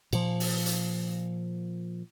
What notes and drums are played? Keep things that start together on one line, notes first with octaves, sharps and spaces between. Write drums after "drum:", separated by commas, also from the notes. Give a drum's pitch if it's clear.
A#2 F3, drum: cymbal
drum: open hi-hat
drum: hi-hat